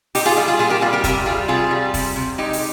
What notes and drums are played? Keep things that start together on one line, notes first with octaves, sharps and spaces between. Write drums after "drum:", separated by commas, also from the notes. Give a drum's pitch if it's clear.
A#2 D#4 G4, drum: open hi-hat
F4 G#4
G3 F4 G#4
F4 G#4
A#2 F4 G#4
G4 A#4
G3 F4 G#4
G4 A#4
C3 G4 A#4, drum: kick, hi-hat
G3 F4 G#4
C3 F4 G#4
G3
C3, drum: kick, open hi-hat
C3
G#3 D#4 G4
drum: open hi-hat